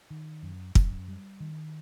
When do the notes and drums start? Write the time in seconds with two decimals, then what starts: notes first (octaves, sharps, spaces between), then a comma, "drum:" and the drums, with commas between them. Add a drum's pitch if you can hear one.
0.10 D#3
0.43 F#2
0.75 F#2, drum: kick
1.08 G3
1.40 D#3